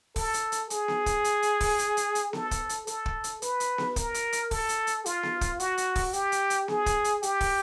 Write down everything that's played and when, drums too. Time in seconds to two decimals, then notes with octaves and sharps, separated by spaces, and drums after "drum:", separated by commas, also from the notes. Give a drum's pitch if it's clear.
0.16 A4, drum: kick, open hi-hat
0.34 drum: hi-hat
0.52 drum: hi-hat
0.70 G#4, drum: hi-hat
0.88 drum: snare B3
1.06 drum: kick, hi-hat
1.24 drum: hi-hat
1.43 drum: hi-hat
1.61 drum: kick, open hi-hat
1.79 drum: hi-hat
1.97 drum: hi-hat
2.15 drum: hi-hat
2.33 A4, drum: snare B3
2.51 drum: kick, hi-hat
2.69 drum: hi-hat
2.87 A4, drum: hi-hat
3.06 drum: kick
3.24 drum: hi-hat
3.42 B4, drum: hi-hat
3.60 drum: hi-hat
3.78 drum: snare B3
3.96 A#4, drum: kick, hi-hat
4.14 drum: hi-hat
4.33 drum: hi-hat
4.51 A4, drum: kick, open hi-hat
4.69 drum: hi-hat
4.87 drum: hi-hat
5.06 F4, drum: hi-hat
5.23 drum: snare B3
5.41 drum: kick, hi-hat
5.60 F#4, drum: hi-hat
5.78 drum: hi-hat
5.96 drum: kick, open hi-hat
6.13 G4, drum: hi-hat
6.32 drum: hi-hat
6.50 drum: hi-hat
6.68 G#4, drum: snare B3
6.86 drum: kick, hi-hat
7.04 drum: hi-hat
7.23 G4, drum: hi-hat
7.41 drum: kick, open hi-hat